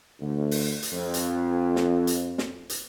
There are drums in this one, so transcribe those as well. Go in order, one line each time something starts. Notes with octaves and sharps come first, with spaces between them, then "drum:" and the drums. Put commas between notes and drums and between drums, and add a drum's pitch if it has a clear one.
D2
drum: open hi-hat
drum: hi-hat
F2
drum: hi-hat
drum: snare
drum: hi-hat
drum: snare
drum: hi-hat